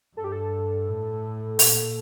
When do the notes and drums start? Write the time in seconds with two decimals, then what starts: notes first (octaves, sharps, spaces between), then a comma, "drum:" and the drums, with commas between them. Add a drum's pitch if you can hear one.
0.17 G2 A4
0.24 G4
0.32 A4
0.87 A2
1.59 A#2, drum: open hi-hat